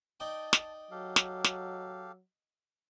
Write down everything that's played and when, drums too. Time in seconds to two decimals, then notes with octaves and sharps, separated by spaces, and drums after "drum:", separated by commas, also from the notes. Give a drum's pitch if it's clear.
0.20 D#4 D5 G5 A5
0.53 drum: snare
0.91 F#3 G4 A4 F5
1.16 drum: snare
1.44 drum: snare